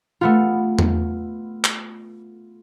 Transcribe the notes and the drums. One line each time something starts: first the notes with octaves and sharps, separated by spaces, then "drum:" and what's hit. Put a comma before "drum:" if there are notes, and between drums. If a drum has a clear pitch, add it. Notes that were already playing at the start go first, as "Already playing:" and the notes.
A3 B3 F4
drum: tom E2
drum: clap